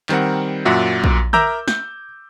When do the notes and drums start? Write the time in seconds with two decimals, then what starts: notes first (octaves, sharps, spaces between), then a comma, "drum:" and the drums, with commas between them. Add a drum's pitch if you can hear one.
0.09 D#3 G3 C4 A#4 F#5, drum: clap
0.65 F#2 A#2 F#4 E5
1.04 drum: kick A#1
1.33 A#4 E5 A#5 D6 E6 G6, drum: tom D3
1.68 G6, drum: snare